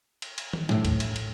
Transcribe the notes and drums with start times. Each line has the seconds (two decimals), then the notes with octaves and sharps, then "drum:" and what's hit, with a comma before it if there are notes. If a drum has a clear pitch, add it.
0.22 drum: cymbal
0.38 drum: cymbal
0.53 drum: tom D#3
0.69 A2, drum: snare
0.85 drum: kick, cymbal
1.00 drum: cymbal
1.16 drum: cymbal